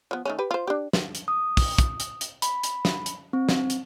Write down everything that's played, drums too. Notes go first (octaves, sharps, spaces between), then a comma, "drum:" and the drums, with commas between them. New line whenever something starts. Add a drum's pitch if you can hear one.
F3 B3
D#3 A3 C#4
G4 B4
F4 C5
D4 G4
drum: snare
drum: hi-hat
D#6
drum: kick, open hi-hat
drum: kick, hi-hat
drum: hi-hat
drum: hi-hat
B5, drum: hi-hat
drum: hi-hat
drum: snare
drum: hi-hat
C4
drum: snare
drum: hi-hat